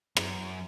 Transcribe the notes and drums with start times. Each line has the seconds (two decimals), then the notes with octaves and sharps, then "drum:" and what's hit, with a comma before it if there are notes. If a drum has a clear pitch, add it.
0.17 F#2, drum: rim click